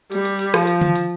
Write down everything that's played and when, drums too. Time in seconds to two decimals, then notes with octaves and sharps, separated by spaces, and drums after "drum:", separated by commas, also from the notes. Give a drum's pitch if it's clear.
0.12 G3, drum: hi-hat
0.25 drum: hi-hat
0.39 drum: hi-hat
0.54 F3, drum: rim click
0.67 drum: hi-hat
0.81 drum: tom D3
0.96 drum: hi-hat